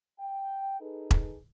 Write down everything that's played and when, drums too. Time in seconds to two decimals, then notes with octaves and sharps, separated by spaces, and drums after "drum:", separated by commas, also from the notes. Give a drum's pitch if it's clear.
0.19 G5
0.80 D#4 G#4 A4 B4
1.11 drum: kick E1